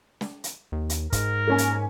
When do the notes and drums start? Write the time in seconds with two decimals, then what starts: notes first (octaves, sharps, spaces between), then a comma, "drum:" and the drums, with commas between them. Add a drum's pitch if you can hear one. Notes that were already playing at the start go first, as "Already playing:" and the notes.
0.21 drum: snare
0.44 drum: hi-hat
0.72 D#2
0.90 drum: hi-hat
1.12 G#2 A#4, drum: kick, hi-hat
1.47 A#3 C#4 G#5
1.58 drum: hi-hat